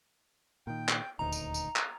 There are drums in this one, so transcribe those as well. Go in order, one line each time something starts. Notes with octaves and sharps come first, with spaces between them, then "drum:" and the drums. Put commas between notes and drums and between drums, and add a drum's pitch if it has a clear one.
A#2 D#3 G5
drum: clap
D#1 D2 D#4 A#5
drum: tambourine
drum: tambourine
drum: clap